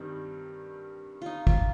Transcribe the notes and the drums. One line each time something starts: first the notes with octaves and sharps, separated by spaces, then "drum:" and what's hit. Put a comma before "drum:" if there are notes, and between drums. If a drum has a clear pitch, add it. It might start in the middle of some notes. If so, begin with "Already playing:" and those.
Already playing: G2 D#3 G3 C4 D#4
D#4 F4
F4, drum: kick